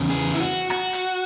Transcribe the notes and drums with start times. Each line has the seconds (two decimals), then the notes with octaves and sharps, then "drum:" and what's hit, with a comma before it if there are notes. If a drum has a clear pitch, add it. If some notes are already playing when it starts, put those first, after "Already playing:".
Already playing: E2 C#3
0.10 G#4
0.34 E4
0.40 F#4
0.70 F#4, drum: rim click
0.93 drum: hi-hat